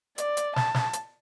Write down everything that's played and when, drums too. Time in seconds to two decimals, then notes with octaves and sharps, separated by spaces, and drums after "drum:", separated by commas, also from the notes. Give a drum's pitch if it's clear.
0.18 D5, drum: hi-hat
0.37 drum: hi-hat
0.56 A5, drum: snare
0.74 drum: snare
0.93 drum: hi-hat